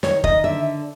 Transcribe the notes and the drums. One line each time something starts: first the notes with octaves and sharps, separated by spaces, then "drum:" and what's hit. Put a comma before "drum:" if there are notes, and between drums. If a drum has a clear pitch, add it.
D#3 C#5, drum: snare
D#3 D#5, drum: kick F1
D3 E5